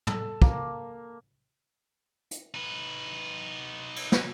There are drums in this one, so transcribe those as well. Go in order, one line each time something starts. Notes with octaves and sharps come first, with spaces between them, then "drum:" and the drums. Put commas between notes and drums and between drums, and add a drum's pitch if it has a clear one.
A4, drum: tom
A#3, drum: kick
drum: hi-hat
D#4 B4
drum: cymbal
drum: snare